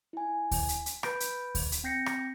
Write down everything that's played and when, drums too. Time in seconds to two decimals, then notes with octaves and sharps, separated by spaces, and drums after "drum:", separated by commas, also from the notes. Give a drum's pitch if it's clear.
0.13 E4 G#5
0.51 drum: kick D2, open hi-hat
0.69 drum: hi-hat
0.86 drum: hi-hat
1.03 B4 B5 G6 D7, drum: rim click
1.20 drum: hi-hat
1.55 drum: kick D2, open hi-hat
1.72 drum: hi-hat
1.84 C4 G5 G6 A#6 C7 C#7
2.06 drum: rim click